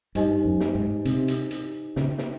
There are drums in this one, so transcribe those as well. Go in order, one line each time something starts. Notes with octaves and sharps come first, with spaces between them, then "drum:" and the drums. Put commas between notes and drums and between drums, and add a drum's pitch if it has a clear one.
G2 D#4 G4 C5 D#5 G#5, drum: hi-hat
F#2
drum: snare
G#2
C3, drum: hi-hat
drum: hi-hat
drum: hi-hat
C#3, drum: snare
drum: snare